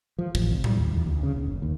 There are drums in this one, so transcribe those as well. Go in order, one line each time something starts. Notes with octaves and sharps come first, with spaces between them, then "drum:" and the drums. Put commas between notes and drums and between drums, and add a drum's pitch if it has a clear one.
F3
A1, drum: kick
C2
G3, drum: tom A2
D#2
E2
D2
C#3
B1
F#1
D#2